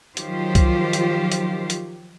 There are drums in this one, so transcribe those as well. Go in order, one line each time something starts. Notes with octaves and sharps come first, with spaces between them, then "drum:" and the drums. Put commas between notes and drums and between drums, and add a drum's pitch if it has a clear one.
D#3 F3 F#3 F4 G4 C5, drum: hi-hat
drum: kick C2, hi-hat
drum: hi-hat
drum: hi-hat
drum: hi-hat